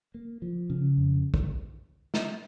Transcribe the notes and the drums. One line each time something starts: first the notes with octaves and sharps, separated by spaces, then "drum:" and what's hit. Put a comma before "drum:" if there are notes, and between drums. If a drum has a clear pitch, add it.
A#3
F3
C#3
F2
drum: kick
drum: snare